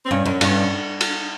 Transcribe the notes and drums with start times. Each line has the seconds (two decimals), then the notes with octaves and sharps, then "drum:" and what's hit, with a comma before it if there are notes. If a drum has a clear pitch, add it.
0.06 C4
0.11 G2 C#4
0.26 F#2
0.41 G2, drum: cymbal
1.01 drum: cymbal